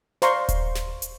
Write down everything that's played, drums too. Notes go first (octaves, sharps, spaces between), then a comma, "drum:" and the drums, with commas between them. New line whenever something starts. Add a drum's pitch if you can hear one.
C5 D5 F5 A#5 C6 C#6, drum: snare
drum: kick D#1, hi-hat
drum: snare
drum: hi-hat